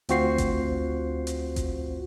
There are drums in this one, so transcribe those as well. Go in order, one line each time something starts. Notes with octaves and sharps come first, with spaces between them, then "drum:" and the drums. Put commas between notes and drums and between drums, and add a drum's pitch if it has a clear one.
D2 C4 F4 F#4 C5 C7, drum: hi-hat
drum: kick G1, hi-hat
drum: hi-hat
drum: kick G1, hi-hat